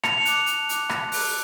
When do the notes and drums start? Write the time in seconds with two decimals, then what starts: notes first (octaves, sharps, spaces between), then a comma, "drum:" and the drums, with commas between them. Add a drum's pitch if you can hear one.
0.04 A5 C#7 F7, drum: rim click
0.25 D6 F#6, drum: hi-hat
0.46 A5, drum: hi-hat
0.69 D6 F#6, drum: hi-hat
0.89 A5, drum: rim click
1.12 D6 F#6, drum: open hi-hat